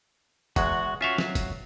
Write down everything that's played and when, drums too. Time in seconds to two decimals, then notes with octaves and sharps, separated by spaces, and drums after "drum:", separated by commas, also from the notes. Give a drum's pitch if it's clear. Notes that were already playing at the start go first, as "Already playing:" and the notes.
0.56 E2 G#3 F#4, drum: kick, hi-hat
1.01 C#4 F4 F#4 E5 F5
1.18 F#3, drum: snare
1.35 drum: kick, hi-hat